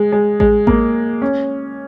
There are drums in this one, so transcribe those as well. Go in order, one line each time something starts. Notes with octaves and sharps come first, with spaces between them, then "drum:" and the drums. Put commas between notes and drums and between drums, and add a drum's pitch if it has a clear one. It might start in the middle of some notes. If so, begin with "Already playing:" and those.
Already playing: G#3
G#3
G#3, drum: kick A1
A#3, drum: kick A1
C#4